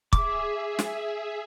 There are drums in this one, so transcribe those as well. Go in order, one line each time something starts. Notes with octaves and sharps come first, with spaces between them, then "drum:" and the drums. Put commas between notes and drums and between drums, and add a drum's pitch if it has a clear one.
G#4 E5 D6, drum: kick
drum: snare